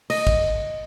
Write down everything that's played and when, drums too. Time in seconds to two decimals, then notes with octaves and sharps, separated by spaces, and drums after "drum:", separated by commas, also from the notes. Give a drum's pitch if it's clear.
0.10 D#5, drum: cymbal
0.27 drum: kick